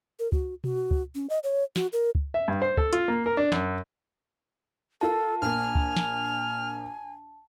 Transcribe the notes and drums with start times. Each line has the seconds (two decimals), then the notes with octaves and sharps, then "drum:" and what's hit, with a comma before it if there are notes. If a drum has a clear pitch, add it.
0.19 A#4
0.32 F#4, drum: kick
0.64 F#4, drum: tom B2
0.91 drum: kick
1.15 C#4
1.30 D#5
1.43 C#5
1.76 F#4, drum: snare
1.93 A#4
2.15 drum: kick
2.34 E5
2.48 G2
2.62 C5
2.77 A4, drum: kick
2.93 F4, drum: hi-hat
3.08 A#3
3.26 A#4
3.37 D4
3.52 F#2, drum: snare
5.01 F4 A4 A#4 A5
5.42 A#1 A#3 G#5 F6
5.75 drum: kick
5.96 drum: snare